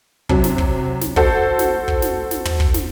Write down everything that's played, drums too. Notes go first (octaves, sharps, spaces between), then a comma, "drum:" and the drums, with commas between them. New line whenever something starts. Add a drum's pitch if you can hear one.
C3 F#3, drum: kick
drum: snare
drum: kick
drum: snare
F#4 A4 C5, drum: kick
drum: snare
drum: kick
drum: snare
drum: snare
drum: tom
drum: kick
drum: snare